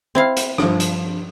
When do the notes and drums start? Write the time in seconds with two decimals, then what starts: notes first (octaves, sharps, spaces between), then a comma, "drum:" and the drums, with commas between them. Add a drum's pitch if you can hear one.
0.15 C4 E4 F5
0.37 drum: hi-hat
0.58 G2 F3, drum: rim click
0.80 drum: hi-hat